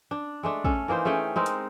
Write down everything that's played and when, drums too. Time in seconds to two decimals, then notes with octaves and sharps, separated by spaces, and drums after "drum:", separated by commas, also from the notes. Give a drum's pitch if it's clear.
0.11 D4
0.43 G#3 A3 D4
0.64 C#4 A4, drum: kick
0.88 E3 A#3 D#4 C5
1.05 A3 C#4 G#4 G5
1.36 G#3 C4 D#4 A#4
1.46 drum: hi-hat